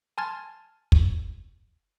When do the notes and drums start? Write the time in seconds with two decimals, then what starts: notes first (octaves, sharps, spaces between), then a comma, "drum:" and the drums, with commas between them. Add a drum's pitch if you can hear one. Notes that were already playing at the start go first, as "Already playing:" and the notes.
0.18 G#5 A5 C6 F6 G#6 A6
0.92 drum: kick